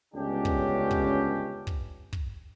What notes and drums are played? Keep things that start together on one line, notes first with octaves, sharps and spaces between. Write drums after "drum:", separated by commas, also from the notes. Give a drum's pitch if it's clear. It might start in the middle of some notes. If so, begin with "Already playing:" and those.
G1 C#2 B3 C#4 D4 G4
drum: kick
drum: kick
drum: kick
drum: kick